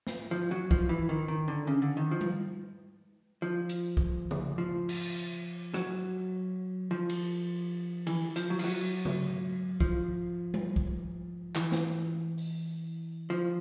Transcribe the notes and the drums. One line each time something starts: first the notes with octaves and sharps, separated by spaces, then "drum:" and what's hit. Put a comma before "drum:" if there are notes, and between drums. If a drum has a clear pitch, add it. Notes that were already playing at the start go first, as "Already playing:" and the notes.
drum: snare
F3
F#3
F3, drum: kick
E3
D#3
D#3
D3
C#3
D3
D#3
F3
drum: tom G3
F3
drum: hi-hat
drum: kick
drum: tom C#3
F3
drum: cymbal
F#3, drum: rim click
F3
drum: cymbal
E3, drum: cymbal
F3, drum: hi-hat
F#3
F3, drum: cymbal
F#3
drum: tom C#3
F3, drum: kick
drum: tom G3
drum: kick
E3, drum: clap
drum: snare
drum: open hi-hat
F3